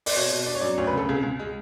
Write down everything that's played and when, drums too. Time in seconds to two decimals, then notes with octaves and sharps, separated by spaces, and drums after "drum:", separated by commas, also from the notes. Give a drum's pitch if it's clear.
0.06 D5, drum: open hi-hat
0.16 B2 C#5
0.31 B2
0.46 D4 D5
0.55 C#5
0.61 F#2 D5
0.77 D2 C#5
0.87 B4
0.93 C#3 A4
1.09 C#2 G#4
1.23 C#2
1.39 G#3